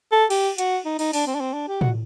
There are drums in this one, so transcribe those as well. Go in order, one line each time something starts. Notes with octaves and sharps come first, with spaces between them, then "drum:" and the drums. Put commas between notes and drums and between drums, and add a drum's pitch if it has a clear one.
A4
G4, drum: cymbal
F#4, drum: hi-hat
D#4
D#4, drum: cymbal
D4, drum: open hi-hat
C4
D4
C4
D4
G4
F#4, drum: tom A2